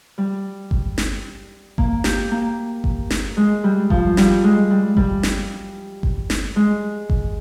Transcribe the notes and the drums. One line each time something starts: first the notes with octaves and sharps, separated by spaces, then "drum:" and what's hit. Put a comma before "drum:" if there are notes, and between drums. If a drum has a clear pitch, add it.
G3
drum: kick G1
drum: snare
A#3, drum: kick G1
G4, drum: snare
A#3
drum: kick G1
drum: snare
G#3
G3
F3, drum: kick G1
G3, drum: snare
G#3
G3
G3, drum: kick G1
drum: snare
drum: kick G1
drum: snare
G#3
drum: kick G1